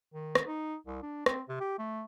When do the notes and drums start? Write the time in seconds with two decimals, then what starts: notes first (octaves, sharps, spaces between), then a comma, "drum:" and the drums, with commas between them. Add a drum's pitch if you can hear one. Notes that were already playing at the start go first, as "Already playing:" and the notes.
0.14 D#3
0.35 drum: rim click
0.46 D#4
0.87 C2
1.03 D4
1.26 C4, drum: rim click
1.49 C3
1.60 G4
1.79 A3